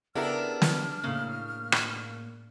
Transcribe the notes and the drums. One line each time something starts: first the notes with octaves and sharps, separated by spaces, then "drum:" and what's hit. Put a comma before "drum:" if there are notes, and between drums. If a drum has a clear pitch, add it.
C#3 B3 D4 E4 G4 A4 A#4 F6
drum: snare
A2 C#3 A#3
drum: rim click